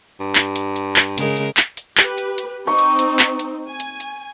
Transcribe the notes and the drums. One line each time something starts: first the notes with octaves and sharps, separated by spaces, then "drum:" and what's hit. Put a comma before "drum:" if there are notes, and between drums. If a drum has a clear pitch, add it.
G2
drum: clap
drum: hi-hat
drum: hi-hat
drum: clap
C#3 G#3 A#4, drum: hi-hat
drum: hi-hat
drum: clap
drum: hi-hat
G4 B4, drum: clap
drum: hi-hat
drum: hi-hat
C4 D#4 C#6
drum: hi-hat
drum: hi-hat
drum: clap
drum: hi-hat
G#5
drum: hi-hat
drum: hi-hat